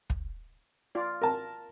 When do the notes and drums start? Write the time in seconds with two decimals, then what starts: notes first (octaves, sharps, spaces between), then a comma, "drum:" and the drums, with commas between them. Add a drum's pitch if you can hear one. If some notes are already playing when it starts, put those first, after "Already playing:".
0.10 drum: kick
0.95 F4 D5
1.21 A#4 A5